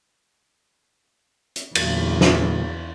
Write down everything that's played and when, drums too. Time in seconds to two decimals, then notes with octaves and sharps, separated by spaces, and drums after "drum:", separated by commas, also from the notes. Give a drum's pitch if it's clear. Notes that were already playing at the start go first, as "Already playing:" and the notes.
1.56 drum: hi-hat
1.75 E2 A#2 D3 F#3, drum: cymbal
2.21 drum: snare